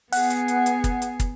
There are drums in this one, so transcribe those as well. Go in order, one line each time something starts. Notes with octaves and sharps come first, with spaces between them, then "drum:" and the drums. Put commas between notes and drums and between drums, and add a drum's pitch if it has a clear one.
B3 G#4 F#5, drum: open hi-hat
drum: hi-hat
drum: hi-hat
drum: hi-hat
drum: kick, hi-hat
drum: hi-hat
drum: kick, hi-hat